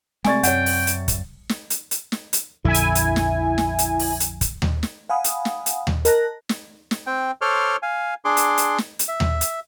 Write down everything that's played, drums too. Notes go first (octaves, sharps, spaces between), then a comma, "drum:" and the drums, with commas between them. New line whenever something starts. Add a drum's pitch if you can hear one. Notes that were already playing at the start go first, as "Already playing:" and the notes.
C3 G#3 A3 D5 G#5 C#6 A6, drum: snare
F#2 C#5 F#5 G5, drum: hi-hat
drum: open hi-hat
drum: hi-hat
drum: kick, hi-hat
drum: snare
drum: hi-hat
drum: hi-hat
drum: snare
drum: hi-hat
A#1 F2 D3 E4 G#5
drum: hi-hat
drum: hi-hat
drum: snare
drum: snare
drum: hi-hat
drum: open hi-hat
drum: hi-hat
drum: kick, hi-hat
drum: tom D#2
drum: snare
F5 F#5 G#5 B5 D#6
drum: hi-hat
drum: snare
drum: hi-hat
drum: tom D#2
A#4 D#5 A5 A#5 F#6 A#6, drum: hi-hat
drum: snare
drum: snare
C4 G5
A4 C5 C#5 C6 D6 F6
F5 G#5
D4 G#4 C6 D6
drum: hi-hat
drum: hi-hat
drum: snare
drum: hi-hat
E5
drum: tom D#2
drum: hi-hat